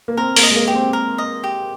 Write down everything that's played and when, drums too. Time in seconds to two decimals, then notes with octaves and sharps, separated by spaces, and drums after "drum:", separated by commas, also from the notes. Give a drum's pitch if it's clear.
0.08 A#3
0.17 C4 A#4
0.36 A#3, drum: open hi-hat
0.43 D#5
0.51 G#3
0.56 A#3
0.66 A#3 G4
0.75 C4
0.93 A#4
1.18 D#5
1.44 G4